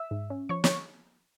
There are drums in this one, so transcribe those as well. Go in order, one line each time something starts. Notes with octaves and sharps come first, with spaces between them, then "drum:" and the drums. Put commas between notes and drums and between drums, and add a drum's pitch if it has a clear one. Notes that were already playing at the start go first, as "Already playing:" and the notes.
Already playing: E5 E6
G#2
C#4
F3 C#5 C#6
C#5 C#6, drum: snare